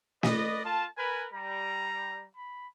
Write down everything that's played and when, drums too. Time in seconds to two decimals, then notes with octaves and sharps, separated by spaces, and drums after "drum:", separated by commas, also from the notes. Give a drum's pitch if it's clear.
0.23 B4 D5 D#5, drum: snare
0.64 F4 A5
0.97 A#4 B4 G#5
1.34 G3 A#5
2.36 B5